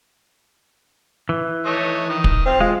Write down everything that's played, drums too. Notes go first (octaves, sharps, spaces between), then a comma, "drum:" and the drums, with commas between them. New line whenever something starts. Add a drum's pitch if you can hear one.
E3
A3 D#4 C#5
D#3 D#6
drum: kick
F3 C4 F5
G#3 F4